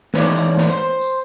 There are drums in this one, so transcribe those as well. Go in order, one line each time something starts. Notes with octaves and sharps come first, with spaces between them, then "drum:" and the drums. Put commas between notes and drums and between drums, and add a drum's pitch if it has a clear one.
E2 G#2 C#5 D5, drum: snare
drum: tambourine
drum: snare
C5
drum: tambourine